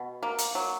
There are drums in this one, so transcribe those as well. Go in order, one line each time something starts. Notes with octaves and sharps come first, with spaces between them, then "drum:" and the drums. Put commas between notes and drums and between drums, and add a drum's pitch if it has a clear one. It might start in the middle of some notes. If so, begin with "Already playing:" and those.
Already playing: B2
A#3
drum: hi-hat
F#3